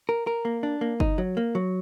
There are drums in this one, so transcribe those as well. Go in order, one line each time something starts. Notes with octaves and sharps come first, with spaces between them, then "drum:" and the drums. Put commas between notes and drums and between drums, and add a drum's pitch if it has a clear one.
A#4
A#4
A#3
D4
A#3
D#4, drum: kick G1
F#3
A#3
F#3